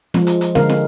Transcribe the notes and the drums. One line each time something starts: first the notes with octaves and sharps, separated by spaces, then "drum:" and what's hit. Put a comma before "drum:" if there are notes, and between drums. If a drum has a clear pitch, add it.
F3 G#3, drum: snare
drum: hi-hat
drum: hi-hat
D3 G#3 A#4 F5, drum: snare
drum: snare